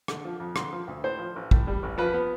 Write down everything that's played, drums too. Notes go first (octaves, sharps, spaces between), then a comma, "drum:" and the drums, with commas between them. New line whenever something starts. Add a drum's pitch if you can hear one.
D3, drum: rim click
F3
F2
D3 C6, drum: rim click
F3
D2
A2 C5
F3
A1
A2, drum: kick
G3
A1
F3 B4
B3